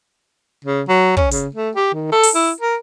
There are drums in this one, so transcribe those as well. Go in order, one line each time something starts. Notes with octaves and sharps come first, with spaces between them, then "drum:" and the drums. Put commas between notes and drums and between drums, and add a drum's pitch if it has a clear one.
C#3
F#3
C#4, drum: kick
C#3, drum: hi-hat
A3
G4
D#3
A4
drum: open hi-hat
E4
A#4